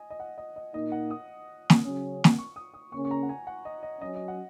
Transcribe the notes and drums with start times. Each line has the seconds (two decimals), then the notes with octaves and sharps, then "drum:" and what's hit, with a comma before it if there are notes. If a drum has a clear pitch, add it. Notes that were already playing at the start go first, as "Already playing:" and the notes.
Already playing: D#5 G#5
0.10 D#5
0.20 F#5
0.38 D#5
0.56 D#5
0.74 A#2 A#3 D#4 D#5
0.92 F#5
1.10 D#6
1.70 drum: snare
1.84 C#3 F#3 C#4
2.24 drum: snare
2.38 C#6
2.56 D#6
2.74 D#6
2.92 C#3 A#3 C#4 C#6
3.05 C#6
3.11 A#5
3.23 F#5
3.29 G#5
3.47 F#5
3.65 D#5
3.83 D#5
4.01 F#3 C#4 D#5
4.15 D#5
4.28 F#5